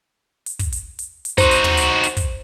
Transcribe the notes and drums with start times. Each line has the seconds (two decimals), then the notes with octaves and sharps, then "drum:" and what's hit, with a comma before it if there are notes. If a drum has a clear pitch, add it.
0.46 drum: hi-hat
0.59 drum: kick, hi-hat
0.72 drum: hi-hat
0.99 drum: hi-hat
1.25 drum: hi-hat
1.38 D#4 F#4 C5, drum: kick, hi-hat
1.51 drum: hi-hat
1.64 drum: tom
1.77 drum: hi-hat
2.03 drum: hi-hat
2.17 drum: kick, hi-hat